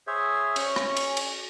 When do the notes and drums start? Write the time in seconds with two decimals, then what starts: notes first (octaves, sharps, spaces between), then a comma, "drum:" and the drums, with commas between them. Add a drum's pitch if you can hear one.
0.07 G#4 C5 C#5 E5
0.56 C#4 C#6, drum: cymbal
0.76 drum: rim click
0.97 drum: cymbal
1.17 drum: cymbal